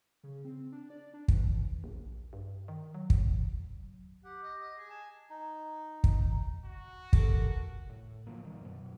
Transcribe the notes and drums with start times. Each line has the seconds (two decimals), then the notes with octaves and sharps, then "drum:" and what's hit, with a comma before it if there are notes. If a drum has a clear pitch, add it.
0.23 C#3
0.45 C4
0.72 D4
0.90 D5
1.14 D4
1.28 E3, drum: kick
1.84 A#1
2.33 G2
2.68 D#3
2.95 F#3
3.10 drum: kick
4.24 G4 F#5
4.43 D#5
4.60 D#5
4.77 G#4
4.89 G#5 A5
5.30 D#4
6.04 drum: kick
6.65 F#4
7.13 G4 A4 A#4, drum: kick
7.89 A2
8.27 A2 D3 F3 A#3
8.45 C3 D#3 G3
8.61 F#2 B2